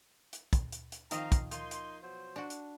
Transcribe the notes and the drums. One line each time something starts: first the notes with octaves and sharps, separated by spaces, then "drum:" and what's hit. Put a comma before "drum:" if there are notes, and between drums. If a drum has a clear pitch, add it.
drum: hi-hat
drum: kick, hi-hat
drum: hi-hat
drum: hi-hat
D#3 F3 C4 D#5 F5 A#5, drum: hi-hat
drum: kick, hi-hat
A#3 D#4 F4 C6, drum: hi-hat
drum: hi-hat
B2 F#3 C5
D4 F#4
drum: hi-hat